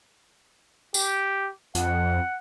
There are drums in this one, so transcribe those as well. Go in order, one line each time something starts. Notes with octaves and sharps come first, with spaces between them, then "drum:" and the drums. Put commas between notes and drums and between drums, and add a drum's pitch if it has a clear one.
G4, drum: tambourine
F2 F#5, drum: hi-hat